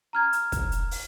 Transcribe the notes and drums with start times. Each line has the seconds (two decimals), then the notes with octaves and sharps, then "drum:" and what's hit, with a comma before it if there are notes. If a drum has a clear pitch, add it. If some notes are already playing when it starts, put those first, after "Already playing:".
0.13 A#5 F6 G#6
0.33 drum: hi-hat
0.52 drum: kick, hi-hat
0.72 drum: hi-hat
0.91 drum: open hi-hat